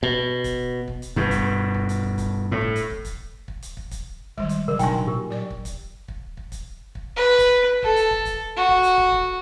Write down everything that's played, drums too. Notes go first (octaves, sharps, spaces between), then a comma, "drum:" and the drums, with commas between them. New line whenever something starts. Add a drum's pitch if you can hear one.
B2
drum: kick, hi-hat
drum: kick
drum: hi-hat
G2 B2, drum: kick
drum: kick, hi-hat
drum: kick
drum: hi-hat
drum: kick
drum: kick, hi-hat
A2
drum: kick
drum: hi-hat
drum: kick
drum: kick, hi-hat
drum: kick
drum: hi-hat
drum: kick
drum: kick, hi-hat
D#3 G3 G#3, drum: kick
drum: hi-hat
C#3 F#3 A#4
B2 D4 D#4 G5 G#5 C6, drum: kick, hi-hat
A#2 G4 A#4
F#3 D5
drum: kick
drum: kick, hi-hat
drum: kick
drum: kick
drum: kick, hi-hat
drum: kick
B4
drum: kick, hi-hat
A4, drum: kick
drum: hi-hat
drum: kick
drum: kick, hi-hat
F#4
drum: kick
drum: hi-hat
drum: kick
drum: kick